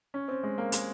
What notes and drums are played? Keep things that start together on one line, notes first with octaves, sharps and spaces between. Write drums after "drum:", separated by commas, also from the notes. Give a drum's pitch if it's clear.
C#4
C4
G#3
A#3
G#3, drum: hi-hat